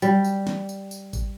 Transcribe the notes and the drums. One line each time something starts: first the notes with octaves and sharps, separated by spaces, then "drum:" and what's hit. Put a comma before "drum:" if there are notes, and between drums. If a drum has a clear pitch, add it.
G3, drum: tambourine
drum: tambourine
drum: snare
drum: tambourine
drum: tambourine
drum: kick G#1, tambourine